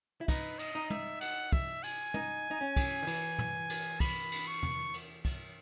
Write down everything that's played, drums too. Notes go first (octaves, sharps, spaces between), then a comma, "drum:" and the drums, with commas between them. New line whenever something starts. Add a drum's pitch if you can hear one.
E4
D#4 B4, drum: kick, cymbal
D#5, drum: cymbal
D#4
E5, drum: tom
F#5, drum: cymbal
E5, drum: kick
G#5, drum: cymbal
D#4, drum: tom
D#4
C#4
drum: kick, cymbal
D#3
E3, drum: cymbal
drum: tom
drum: cymbal
B5, drum: kick, cymbal
drum: cymbal
C#6
drum: tom
drum: cymbal
drum: kick, cymbal